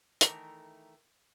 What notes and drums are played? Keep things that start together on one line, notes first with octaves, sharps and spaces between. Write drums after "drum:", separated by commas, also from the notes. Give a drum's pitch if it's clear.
D#3 E3 A3 A#4 A#5, drum: hi-hat